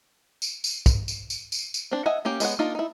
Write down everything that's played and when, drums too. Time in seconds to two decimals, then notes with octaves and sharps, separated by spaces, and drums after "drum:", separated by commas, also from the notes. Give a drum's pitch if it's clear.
0.42 drum: tambourine
0.64 drum: tambourine
0.86 drum: kick, tambourine
1.08 drum: tambourine
1.30 drum: tambourine
1.52 drum: tambourine
1.74 drum: tambourine
1.91 C4 D4
2.06 D#5 E5 F#5 G#5
2.25 A#3 C#4 G4
2.40 G#3 B3 C#5 F#5, drum: tambourine
2.59 A#3 D4 D#4 F4
2.75 D#4 E4